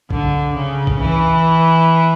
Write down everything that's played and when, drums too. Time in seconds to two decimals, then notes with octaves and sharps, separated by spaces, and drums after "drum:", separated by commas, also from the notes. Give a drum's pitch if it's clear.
0.10 D3, drum: kick B1
0.55 C#3
0.87 drum: kick B1
1.00 E3